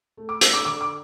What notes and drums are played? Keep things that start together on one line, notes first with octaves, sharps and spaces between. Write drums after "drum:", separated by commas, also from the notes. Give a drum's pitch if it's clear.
A3
D6
D4 E6, drum: hi-hat
D6
D3 D6
D6